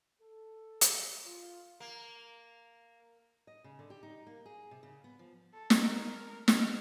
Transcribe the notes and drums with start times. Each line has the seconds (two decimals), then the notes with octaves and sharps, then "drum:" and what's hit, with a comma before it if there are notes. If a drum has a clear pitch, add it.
0.21 A4
0.81 drum: hi-hat
1.25 F4
1.80 A#3
3.47 D#5
3.64 C#3
3.79 D3
3.90 G4
4.03 D#4
4.27 A#3
4.46 G#4
4.71 C3
4.83 C#3
5.04 B3
5.19 F3
5.54 A4
5.70 drum: snare
5.82 A#4
6.48 F6, drum: snare